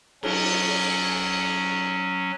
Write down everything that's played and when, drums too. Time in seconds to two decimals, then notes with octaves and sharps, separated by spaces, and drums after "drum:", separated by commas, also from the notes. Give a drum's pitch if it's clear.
0.23 F#3 C#4, drum: cymbal